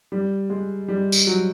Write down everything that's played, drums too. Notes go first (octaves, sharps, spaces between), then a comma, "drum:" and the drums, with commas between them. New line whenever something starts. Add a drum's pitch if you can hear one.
G3
G#3
G3
drum: tambourine
F#3